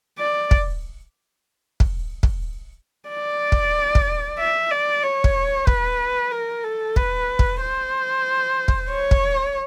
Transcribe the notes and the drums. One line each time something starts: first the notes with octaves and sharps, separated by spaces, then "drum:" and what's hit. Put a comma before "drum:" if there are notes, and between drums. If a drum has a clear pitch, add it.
D5
drum: kick
drum: kick
drum: kick
D5
drum: kick
drum: kick
E5
D5
C#5
drum: kick
B4, drum: kick
A#4
A4
B4, drum: kick
drum: kick
C5
drum: kick
C#5
drum: kick